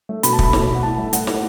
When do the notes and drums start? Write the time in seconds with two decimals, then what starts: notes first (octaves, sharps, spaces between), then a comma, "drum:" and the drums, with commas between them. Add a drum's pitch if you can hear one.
0.09 A3
0.23 B2 B5, drum: hi-hat
0.33 A5
0.39 A3 B5, drum: kick
0.53 B2 B5, drum: snare
0.67 A3
0.75 F#5
0.83 A2 A5
0.98 A3
1.13 A3 F#5, drum: hi-hat
1.27 A2, drum: snare